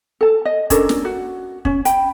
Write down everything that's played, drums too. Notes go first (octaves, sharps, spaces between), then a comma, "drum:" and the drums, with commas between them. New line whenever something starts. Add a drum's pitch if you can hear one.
A4 A5
D#5
C#4 D4 A4 A#4, drum: kick, hi-hat
drum: snare
F#4
C#4, drum: kick
G5 B5, drum: hi-hat